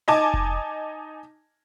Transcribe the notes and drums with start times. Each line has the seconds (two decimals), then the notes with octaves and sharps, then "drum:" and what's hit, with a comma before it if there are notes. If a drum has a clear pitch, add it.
0.08 D#4 D#5 G#5 A5 D6
0.34 drum: kick F1